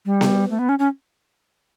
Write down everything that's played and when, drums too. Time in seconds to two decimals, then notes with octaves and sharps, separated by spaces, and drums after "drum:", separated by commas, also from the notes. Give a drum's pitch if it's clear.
0.06 G3
0.21 drum: snare B3
0.50 A3
0.59 B3
0.69 C#4
0.79 C#4